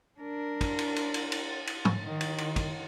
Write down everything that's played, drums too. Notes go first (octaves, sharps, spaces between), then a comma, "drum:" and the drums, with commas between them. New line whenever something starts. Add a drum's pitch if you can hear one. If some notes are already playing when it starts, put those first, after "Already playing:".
D4 A#4
drum: kick, cymbal
drum: cymbal
drum: cymbal
drum: cymbal
drum: cymbal
drum: cymbal
drum: tom
D#3
drum: cymbal
drum: cymbal
drum: kick, cymbal